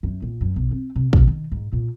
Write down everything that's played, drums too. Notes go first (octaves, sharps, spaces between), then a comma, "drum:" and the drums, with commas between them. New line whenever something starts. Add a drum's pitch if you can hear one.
F#2
A#2
F#2
B1
C4
C3
B2, drum: kick
D#3
G#2
A#2